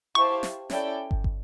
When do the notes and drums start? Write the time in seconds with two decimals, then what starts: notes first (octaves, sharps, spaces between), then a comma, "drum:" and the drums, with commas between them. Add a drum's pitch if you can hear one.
0.15 E4 G4 C5 F5 A5 C#6
0.43 drum: snare
0.70 C#4 E4 A4 D5 G5, drum: snare
1.11 drum: kick
1.24 drum: kick